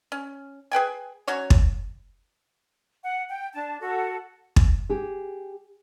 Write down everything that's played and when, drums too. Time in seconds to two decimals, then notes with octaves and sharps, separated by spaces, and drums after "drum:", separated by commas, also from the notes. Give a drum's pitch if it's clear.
0.12 C#4
0.71 G#4 B4 G5 G#5
1.28 F#3 C#4 F#4 C#5
1.50 drum: kick
3.05 F#5
3.29 G5
3.54 D4 A5
3.80 F#4 A4
4.56 drum: kick
4.90 G4 G#4